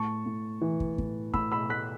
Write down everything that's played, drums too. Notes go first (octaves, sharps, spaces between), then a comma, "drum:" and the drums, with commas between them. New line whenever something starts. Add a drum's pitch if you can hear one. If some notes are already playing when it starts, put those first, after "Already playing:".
Already playing: A2 A5 C#6
A2
E3
drum: kick
A2, drum: kick
A2 B5 E6, drum: kick
B5 E6
A3 F#6 B6